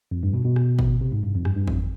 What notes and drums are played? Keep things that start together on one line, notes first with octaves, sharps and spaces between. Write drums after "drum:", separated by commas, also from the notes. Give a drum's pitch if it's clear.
F2
G2
B2
B2
drum: rim click
drum: kick G#1
C3
G#2
G2
F2
G2, drum: rim click
G2
F2, drum: kick G#1